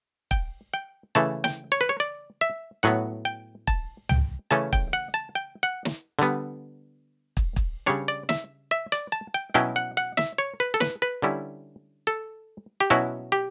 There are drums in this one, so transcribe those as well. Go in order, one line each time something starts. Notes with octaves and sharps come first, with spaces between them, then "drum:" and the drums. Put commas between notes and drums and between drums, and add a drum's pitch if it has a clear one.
G5, drum: kick
G5
C#3 E3 A3 A5
G5, drum: snare
C#5
B4
C#5
D5
E5
A2 F#3 B3 F#5
G5
A5, drum: kick
G5, drum: tom C#2
C#3 E3 A3 C#4 A5
G5, drum: kick
F#5
A5
G5
F#5
drum: snare
D3 G3 B3
drum: kick
drum: kick
C#3 G3 D4 C#5
D5
E5, drum: snare
E5
D5, drum: hi-hat
A5
G5
B2 F#3 C#4 E4 G5
F#5
F#5
E5, drum: snare
C#5
B4
A4
B4, drum: snare
B4
D3 G3 C#4 E4
A4
G4
B2 F#3 C#4 E4 F#4
G4